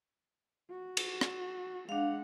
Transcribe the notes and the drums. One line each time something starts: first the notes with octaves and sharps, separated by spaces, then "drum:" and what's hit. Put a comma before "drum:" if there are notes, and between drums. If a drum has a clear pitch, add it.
F#4
drum: cymbal
drum: rim click
G#3 D4 F5 F#5